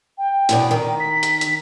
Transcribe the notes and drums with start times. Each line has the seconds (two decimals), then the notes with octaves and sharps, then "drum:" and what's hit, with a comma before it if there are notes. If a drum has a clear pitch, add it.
0.18 G5
0.49 E2 B2 D5, drum: hi-hat
0.71 D#3
1.00 B6
1.23 drum: hi-hat
1.41 drum: hi-hat